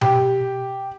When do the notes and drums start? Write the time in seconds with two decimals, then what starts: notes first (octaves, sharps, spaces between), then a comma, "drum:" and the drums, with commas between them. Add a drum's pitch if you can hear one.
0.01 G4, drum: tom B2